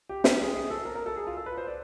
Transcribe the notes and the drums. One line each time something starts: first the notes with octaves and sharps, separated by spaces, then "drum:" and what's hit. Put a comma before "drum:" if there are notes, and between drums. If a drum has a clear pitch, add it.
G4
G4, drum: snare
G#4
G#4
A4
A#4
A#4
A4
G#4
F4
A4
B4
C5
D5